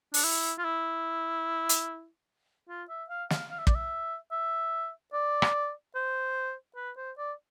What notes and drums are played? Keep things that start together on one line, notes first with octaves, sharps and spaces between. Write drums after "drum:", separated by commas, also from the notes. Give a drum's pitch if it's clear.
D4, drum: open hi-hat
E4
F4
E4
drum: hi-hat
F4
E5
F5
F5, drum: snare
F5
E5
D5, drum: kick
E5
E5
D5
drum: rim click
C5
B4
C5
D5